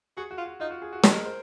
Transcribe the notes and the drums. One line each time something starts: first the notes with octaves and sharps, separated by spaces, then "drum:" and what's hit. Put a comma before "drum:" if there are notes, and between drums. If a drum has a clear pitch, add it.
F#4 G#4
F#4
F4
F#4
D#4 F4
F#4
G#4
F#4
G#3 G#4, drum: snare
A#4
C5